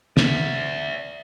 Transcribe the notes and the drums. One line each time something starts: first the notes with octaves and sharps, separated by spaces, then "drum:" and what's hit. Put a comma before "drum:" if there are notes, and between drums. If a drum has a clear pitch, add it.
D5 E5, drum: snare